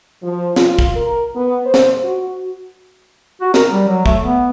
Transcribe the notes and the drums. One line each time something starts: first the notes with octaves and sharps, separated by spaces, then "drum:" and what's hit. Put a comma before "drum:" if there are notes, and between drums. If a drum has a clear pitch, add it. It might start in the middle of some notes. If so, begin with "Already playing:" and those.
F3
F4, drum: snare
drum: kick
A#4
B3
C5
drum: snare
F#4
F#4
A#4, drum: snare
G3
F#3
A3, drum: kick
B3